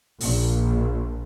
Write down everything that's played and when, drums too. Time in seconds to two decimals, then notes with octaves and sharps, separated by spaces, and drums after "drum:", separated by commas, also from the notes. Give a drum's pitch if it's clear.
0.21 A#1, drum: open hi-hat